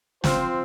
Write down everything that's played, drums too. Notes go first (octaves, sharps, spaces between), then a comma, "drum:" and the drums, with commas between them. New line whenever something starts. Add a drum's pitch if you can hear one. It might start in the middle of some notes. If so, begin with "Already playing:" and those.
F3 C4 F4 C5, drum: snare